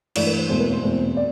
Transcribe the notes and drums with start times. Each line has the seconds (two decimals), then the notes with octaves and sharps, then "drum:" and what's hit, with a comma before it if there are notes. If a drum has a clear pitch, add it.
0.15 G2 E3 A3 D5, drum: cymbal
0.27 B4
0.38 C5
0.49 E2 B2 A3 C4 C5
0.60 B4
0.72 C5
0.83 E2 B2 A3 C4
1.17 D5